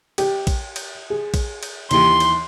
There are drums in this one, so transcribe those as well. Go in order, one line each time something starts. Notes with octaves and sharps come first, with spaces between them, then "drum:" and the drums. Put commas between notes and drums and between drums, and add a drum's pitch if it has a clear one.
G4, drum: cymbal
drum: kick A#1, cymbal
drum: cymbal
G#4
drum: kick A#1, cymbal
drum: cymbal
D#2 E3 G4 C6, drum: cymbal
drum: cymbal